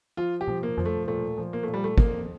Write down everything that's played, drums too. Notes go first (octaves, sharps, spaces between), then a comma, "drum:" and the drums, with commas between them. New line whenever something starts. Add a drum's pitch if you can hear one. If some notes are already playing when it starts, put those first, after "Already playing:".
F3 F4
G4
F3, drum: tom B2
A#3
F3, drum: tom F2
A3
A#2 A3
F3
A#3
A#2 A3
G3
A3
F2 A#3, drum: kick